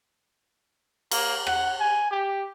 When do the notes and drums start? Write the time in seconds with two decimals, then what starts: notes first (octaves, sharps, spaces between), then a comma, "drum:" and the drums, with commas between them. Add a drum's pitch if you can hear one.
1.11 A#3, drum: cymbal
1.47 F#5, drum: rim click
1.80 G#5
2.11 G4